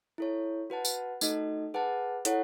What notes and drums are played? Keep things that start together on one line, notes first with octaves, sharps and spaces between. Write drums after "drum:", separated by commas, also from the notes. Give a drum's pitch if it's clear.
E4 A4 C#5
F#4 B4 F#5 A5
drum: tambourine
A3 D#4 F#4 A4 D#5, drum: tambourine
G#4 B4 F#5 A5
E4 A4 C#5 F#5, drum: hi-hat